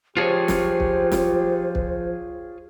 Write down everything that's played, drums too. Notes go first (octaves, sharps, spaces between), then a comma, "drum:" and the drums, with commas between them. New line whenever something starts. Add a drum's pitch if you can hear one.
F3 F4 G4 G#4 C5 C#5
drum: snare
drum: kick
drum: snare
drum: kick